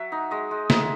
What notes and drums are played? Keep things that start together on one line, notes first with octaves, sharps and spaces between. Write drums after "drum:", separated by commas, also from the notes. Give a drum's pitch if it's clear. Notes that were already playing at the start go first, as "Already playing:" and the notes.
Already playing: F#3 E5 F#5
D#4
G#3 D#5
G#3
D#4 E5, drum: snare